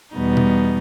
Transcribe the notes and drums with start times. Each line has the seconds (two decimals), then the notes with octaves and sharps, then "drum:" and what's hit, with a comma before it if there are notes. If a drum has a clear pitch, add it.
0.15 E2 B2 G3 B3 D#4
0.37 drum: tom B2